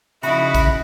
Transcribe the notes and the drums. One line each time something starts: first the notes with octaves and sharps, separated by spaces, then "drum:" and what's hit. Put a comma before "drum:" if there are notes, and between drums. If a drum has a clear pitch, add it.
C#3 F3 D#4 E4 F#4 E5 B5, drum: hi-hat
drum: kick A1, hi-hat